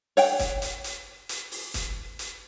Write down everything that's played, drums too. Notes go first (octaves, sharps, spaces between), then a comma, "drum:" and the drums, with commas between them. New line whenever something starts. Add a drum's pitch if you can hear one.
C#5 F#5 G5, drum: open hi-hat
drum: kick, hi-hat
drum: hi-hat
drum: hi-hat
drum: hi-hat
drum: open hi-hat
drum: kick, hi-hat
drum: hi-hat